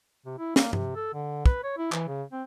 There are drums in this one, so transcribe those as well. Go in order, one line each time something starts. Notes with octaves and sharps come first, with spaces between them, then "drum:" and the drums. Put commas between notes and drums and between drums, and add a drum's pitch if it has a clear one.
C3
E4
A#3, drum: snare
C3, drum: tom G2
A4
D3
B4, drum: kick
C#5
E4
E3, drum: clap
C#3
C4